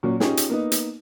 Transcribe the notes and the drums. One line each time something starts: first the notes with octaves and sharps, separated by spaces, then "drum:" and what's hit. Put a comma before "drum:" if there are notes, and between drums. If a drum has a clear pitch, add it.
A#2 F#3 A#3 C#4
C#4 D#4 F4 G4 G#4, drum: snare
drum: hi-hat
A#3 B3 D#4
drum: hi-hat